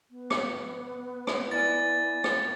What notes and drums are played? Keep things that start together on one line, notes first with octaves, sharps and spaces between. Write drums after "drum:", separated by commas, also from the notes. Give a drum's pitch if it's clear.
B3
drum: rim click
drum: rim click
E4 D5 G#5 A6
drum: rim click